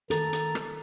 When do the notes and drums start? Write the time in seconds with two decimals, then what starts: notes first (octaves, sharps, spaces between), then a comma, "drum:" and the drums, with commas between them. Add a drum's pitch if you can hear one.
0.10 D#3 A4 A#5 A6, drum: hi-hat
0.33 drum: hi-hat
0.55 drum: rim click